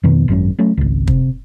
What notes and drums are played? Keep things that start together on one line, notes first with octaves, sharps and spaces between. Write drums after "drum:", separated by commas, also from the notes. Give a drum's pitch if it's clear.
F2 B2 D#3 B3
G#1 F#2 C#4
F#3 A3 C#4
G#1 C#2
C3, drum: kick